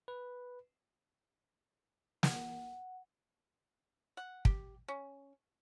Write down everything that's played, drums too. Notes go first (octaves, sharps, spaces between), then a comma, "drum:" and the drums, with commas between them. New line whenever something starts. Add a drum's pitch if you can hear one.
B4
F#5, drum: snare
F#5
G4, drum: kick
C#4